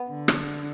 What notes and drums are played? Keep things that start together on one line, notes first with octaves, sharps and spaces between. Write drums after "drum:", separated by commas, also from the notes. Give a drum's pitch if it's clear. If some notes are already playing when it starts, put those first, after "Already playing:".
Already playing: B3
D3
drum: rim click